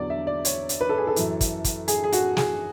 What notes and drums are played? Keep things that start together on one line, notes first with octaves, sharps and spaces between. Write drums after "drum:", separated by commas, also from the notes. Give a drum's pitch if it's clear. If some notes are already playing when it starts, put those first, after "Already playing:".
Already playing: E2 D3 F#3 D5
E5
D5
C#5, drum: hi-hat
drum: hi-hat
B4
A4
G#4
A4
F#2 E3, drum: hi-hat
drum: kick, hi-hat
drum: kick, hi-hat
G#4, drum: hi-hat
G#4
F#4, drum: hi-hat
G#4, drum: snare